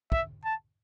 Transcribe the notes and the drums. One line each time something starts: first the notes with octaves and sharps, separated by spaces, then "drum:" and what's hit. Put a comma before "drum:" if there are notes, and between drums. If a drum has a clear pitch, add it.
E5, drum: kick
A5